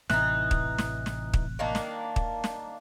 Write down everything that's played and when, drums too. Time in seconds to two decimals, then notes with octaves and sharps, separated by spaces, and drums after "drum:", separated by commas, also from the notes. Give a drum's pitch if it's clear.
0.10 A1 C3 E3 D#4 F#6, drum: snare
0.51 drum: kick
0.78 drum: snare
1.06 drum: snare
1.34 drum: kick
1.59 D#3 A#3 D4
1.75 drum: snare
2.16 drum: kick
2.44 drum: snare